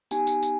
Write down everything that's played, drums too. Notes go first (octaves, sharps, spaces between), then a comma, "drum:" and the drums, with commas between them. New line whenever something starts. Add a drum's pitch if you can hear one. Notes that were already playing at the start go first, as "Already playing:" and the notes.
B3 D#4 G4 G#5, drum: tambourine
drum: tambourine
drum: tambourine